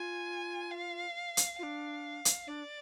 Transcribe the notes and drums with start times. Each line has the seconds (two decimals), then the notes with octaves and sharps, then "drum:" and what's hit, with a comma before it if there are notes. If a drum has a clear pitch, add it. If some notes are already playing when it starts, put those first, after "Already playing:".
Already playing: F4 G#5
0.71 F5
1.37 drum: hi-hat
1.59 D4 F4 F5
2.25 drum: hi-hat
2.47 D4 D5